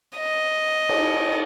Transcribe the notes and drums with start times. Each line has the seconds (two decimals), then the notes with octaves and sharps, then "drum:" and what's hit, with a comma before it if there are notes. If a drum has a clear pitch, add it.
0.17 D#5
0.89 drum: cymbal